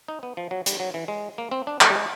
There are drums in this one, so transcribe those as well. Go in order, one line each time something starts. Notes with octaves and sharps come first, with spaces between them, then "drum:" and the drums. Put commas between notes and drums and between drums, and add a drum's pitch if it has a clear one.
D#4
B3
F3
F#3
G3, drum: hi-hat
F#3
E3
G#3
A#3
C4
D4
A3, drum: clap
G3
G#3